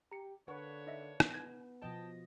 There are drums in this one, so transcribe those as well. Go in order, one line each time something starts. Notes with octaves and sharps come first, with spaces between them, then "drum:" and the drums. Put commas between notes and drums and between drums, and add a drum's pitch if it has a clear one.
G4 A#5 C#7
D3 A#3 D4 B4 C#5 F#5 C#6
D#4 D#5 E5
drum: rim click
B3 G#6 A#6
B2 F3 D#5 G5 A5